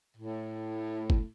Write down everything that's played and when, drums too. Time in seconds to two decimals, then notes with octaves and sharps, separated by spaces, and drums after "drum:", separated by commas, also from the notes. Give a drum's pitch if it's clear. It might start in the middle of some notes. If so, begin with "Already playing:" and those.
0.17 A2
1.10 drum: kick